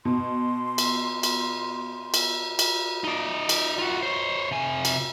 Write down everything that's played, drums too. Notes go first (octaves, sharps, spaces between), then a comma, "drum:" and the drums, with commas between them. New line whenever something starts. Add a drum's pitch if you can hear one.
B2 C6
drum: cymbal
drum: cymbal
drum: cymbal
drum: cymbal
D#4 D5
drum: cymbal
F4 F#4
C5 C#5
C3 G#5
drum: cymbal